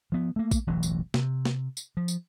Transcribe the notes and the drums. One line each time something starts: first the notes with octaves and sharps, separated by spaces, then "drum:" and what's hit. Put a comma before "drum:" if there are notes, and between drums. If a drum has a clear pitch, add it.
F3 B3
A3 A#3
drum: kick, tambourine
E1 A1 E3 F#3
drum: tambourine
C3, drum: snare
drum: snare
drum: tambourine
F3
drum: tambourine